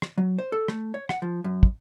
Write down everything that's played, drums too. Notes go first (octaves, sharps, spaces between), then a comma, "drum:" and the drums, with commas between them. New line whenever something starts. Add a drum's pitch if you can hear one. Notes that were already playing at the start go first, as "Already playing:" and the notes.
drum: rim click
F#3
C5
A4
A3, drum: rim click
C#5
F#5, drum: rim click
F3
F#2
drum: kick